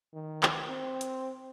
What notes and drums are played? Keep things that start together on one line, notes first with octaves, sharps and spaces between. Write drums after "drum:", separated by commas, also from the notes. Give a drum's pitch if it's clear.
D#3
drum: clap
C4
drum: hi-hat